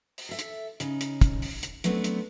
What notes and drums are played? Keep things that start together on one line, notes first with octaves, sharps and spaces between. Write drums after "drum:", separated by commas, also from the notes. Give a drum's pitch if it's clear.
drum: open hi-hat
A4 E5
drum: hi-hat
C#3 D#4, drum: hi-hat
drum: hi-hat
drum: kick, hi-hat
drum: open hi-hat
drum: hi-hat
F#3 A3 B3 C4 D4, drum: hi-hat
drum: hi-hat